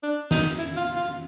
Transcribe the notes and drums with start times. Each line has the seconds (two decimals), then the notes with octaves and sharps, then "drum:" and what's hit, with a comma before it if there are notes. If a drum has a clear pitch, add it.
0.03 D4
0.31 D#4, drum: snare
0.59 E4
0.76 F4
0.96 F4